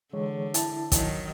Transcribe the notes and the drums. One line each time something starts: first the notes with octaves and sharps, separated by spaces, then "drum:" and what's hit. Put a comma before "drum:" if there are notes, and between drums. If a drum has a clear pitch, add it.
D3 E3 G#3 C#5
E4 A5, drum: hi-hat
D#3 F#3, drum: kick, hi-hat